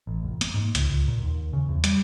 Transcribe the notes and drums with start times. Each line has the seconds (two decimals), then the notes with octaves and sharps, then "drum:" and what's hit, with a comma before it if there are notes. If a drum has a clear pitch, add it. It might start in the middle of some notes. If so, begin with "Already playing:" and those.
0.07 A1
0.24 F1
0.41 A#3, drum: hi-hat
0.54 G#2
0.75 C#2, drum: hi-hat
0.90 C#2
1.08 A#2
1.23 D#2
1.53 C#3
1.69 E2
1.84 G3, drum: hi-hat